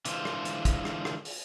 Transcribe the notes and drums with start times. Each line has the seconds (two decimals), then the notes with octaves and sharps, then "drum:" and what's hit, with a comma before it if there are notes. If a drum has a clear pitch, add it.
0.05 D3 E3 G#3 F4 C5, drum: hi-hat
0.25 drum: rim click
0.45 drum: hi-hat
0.65 drum: kick, hi-hat
0.85 drum: rim click
1.05 drum: rim click
1.25 drum: open hi-hat